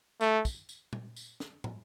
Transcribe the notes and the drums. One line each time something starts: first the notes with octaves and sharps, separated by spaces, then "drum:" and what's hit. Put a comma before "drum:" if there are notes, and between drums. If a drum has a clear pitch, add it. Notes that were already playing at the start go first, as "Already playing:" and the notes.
A3, drum: tambourine
drum: kick, tambourine
drum: tambourine
drum: tom A#2
drum: tambourine
drum: snare
drum: tom